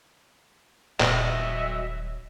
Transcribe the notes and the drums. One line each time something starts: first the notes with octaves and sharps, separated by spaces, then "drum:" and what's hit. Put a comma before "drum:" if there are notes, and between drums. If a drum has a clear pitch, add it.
D#1 A#2 F#3 D#5 E5, drum: clap